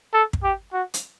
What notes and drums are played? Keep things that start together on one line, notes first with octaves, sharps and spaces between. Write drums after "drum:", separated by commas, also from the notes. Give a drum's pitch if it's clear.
A4
drum: kick
G4
F#4
drum: hi-hat